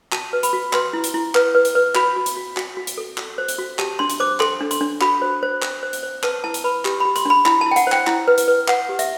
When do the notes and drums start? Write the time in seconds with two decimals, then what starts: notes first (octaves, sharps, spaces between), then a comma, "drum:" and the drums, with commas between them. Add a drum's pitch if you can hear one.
0.12 F#4 A5, drum: clap
0.33 B4
0.43 B5, drum: hi-hat
0.53 F#4
0.73 B4 C6, drum: clap
0.93 E4
1.04 drum: hi-hat
1.14 E4
1.35 B4, drum: clap
1.55 B4
1.65 drum: hi-hat
1.75 B4
1.95 F#4 B5, drum: clap
2.16 F#4
2.26 drum: hi-hat
2.37 F#4
2.57 F#4, drum: clap
2.77 F#4
2.87 drum: hi-hat
2.98 A4
3.17 F#4, drum: clap
3.38 C5
3.48 drum: hi-hat
3.58 F#4
3.79 G4 A5, drum: clap
3.99 D4 C6
4.10 drum: hi-hat
4.20 C5 D6
4.40 A4 C6, drum: clap
4.61 D4
4.71 C6, drum: hi-hat
4.81 D4
5.01 F#4 B5, drum: clap
5.22 C5
5.43 C5
5.62 C5, drum: clap
5.83 C5
5.93 drum: hi-hat
6.03 C5
6.23 B4 A5, drum: clap
6.44 E4 A5
6.54 drum: hi-hat
6.64 B4 B5
6.85 G4, drum: clap
7.00 B5
7.05 G4
7.16 C6, drum: hi-hat
7.25 D4 B5
7.46 E4 B5, drum: clap
7.61 A5
7.66 E4
7.71 G5
7.76 F#5, drum: hi-hat
7.87 C5
7.92 G5, drum: clap
8.07 E4, drum: clap
8.28 B4
8.38 drum: hi-hat
8.48 B4
8.68 B4 F#5, drum: clap
8.89 G4
8.99 E5, drum: hi-hat